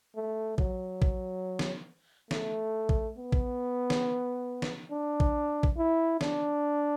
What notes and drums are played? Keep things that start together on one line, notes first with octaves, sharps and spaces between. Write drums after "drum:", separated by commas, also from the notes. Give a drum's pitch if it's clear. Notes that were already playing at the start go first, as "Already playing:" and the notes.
A3
F#3, drum: kick
drum: kick
drum: snare
A3, drum: snare
drum: kick
B3
drum: kick
drum: snare
drum: snare
D4
drum: kick
drum: kick
E4
D4, drum: snare